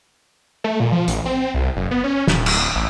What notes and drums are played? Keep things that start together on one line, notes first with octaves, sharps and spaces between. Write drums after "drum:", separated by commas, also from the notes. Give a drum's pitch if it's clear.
A3
A#2
F3
A1, drum: hi-hat
C4
C2
F#1
B3
C#4
D#1, drum: snare
D1, drum: cymbal
A1